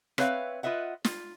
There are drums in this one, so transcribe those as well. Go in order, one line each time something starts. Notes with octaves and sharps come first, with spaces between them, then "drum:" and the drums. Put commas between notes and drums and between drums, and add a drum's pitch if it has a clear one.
C4 B4 C#5 E5 F5, drum: rim click
F4 B4 D#5 E5 F#5
F4, drum: snare